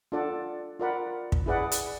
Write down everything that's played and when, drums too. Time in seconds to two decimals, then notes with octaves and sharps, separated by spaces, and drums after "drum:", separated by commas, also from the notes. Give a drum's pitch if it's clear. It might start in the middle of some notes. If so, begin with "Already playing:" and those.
0.12 D4 F4 A4 D5 F#5
0.80 F4 A#4 D5 F#5 B5
1.32 drum: kick
1.46 E4 G#4 B4 D5 F#5
1.72 drum: hi-hat